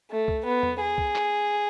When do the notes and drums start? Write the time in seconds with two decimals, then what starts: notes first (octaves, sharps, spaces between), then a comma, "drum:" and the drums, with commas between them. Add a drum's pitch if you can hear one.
0.11 A3
0.28 drum: kick
0.45 B3
0.63 drum: tom E2
0.81 G#4
0.98 drum: kick
1.15 drum: clap